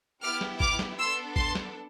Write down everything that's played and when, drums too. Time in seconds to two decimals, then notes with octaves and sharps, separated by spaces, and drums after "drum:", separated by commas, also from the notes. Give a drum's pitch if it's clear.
0.21 B3 E4 G4 D6 F6
0.41 drum: snare
0.60 D6 F6, drum: kick
0.79 drum: snare
0.98 B3 D4 A4 C6 E6
1.36 A5 C6, drum: kick
1.55 drum: snare